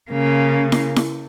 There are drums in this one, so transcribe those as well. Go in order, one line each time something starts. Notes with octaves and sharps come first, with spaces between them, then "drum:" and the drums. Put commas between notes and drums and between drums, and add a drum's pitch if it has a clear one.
C#3 A#3
drum: snare E4
drum: snare E4